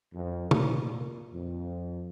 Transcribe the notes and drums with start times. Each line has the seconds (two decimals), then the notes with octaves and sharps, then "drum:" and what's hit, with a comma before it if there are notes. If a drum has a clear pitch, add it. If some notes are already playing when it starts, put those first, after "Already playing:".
0.14 F2
0.51 A#2, drum: tom
1.32 F2